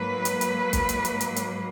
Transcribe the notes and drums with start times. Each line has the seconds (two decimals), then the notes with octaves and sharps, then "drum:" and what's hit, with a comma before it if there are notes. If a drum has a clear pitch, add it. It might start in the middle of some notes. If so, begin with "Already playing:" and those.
Already playing: G#2 F#3 A#3 B4
0.25 drum: hi-hat
0.41 drum: hi-hat
0.73 drum: kick B1, hi-hat
0.89 drum: hi-hat
1.05 drum: hi-hat
1.21 drum: hi-hat
1.36 drum: hi-hat